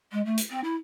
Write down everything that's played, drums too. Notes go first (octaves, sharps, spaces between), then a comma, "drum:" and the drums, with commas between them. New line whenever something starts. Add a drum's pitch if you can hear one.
G#3
A3
drum: hi-hat
C4
E4